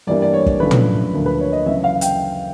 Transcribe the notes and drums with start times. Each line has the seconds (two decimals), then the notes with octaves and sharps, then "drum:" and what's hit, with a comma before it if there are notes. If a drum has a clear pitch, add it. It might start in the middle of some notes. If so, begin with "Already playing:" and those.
0.07 G2 E3 G3 A#3 D4 D5
0.22 D5
0.34 C#5
0.46 drum: kick
0.60 F#2 D3 F3 A3 C#4 B4
0.71 drum: tom
1.13 D2 D3 F3 A#3
1.26 B4
1.40 C#5
1.52 D#5
1.66 F#2 C#3 E3 E5
1.84 F5
2.01 G5, drum: hi-hat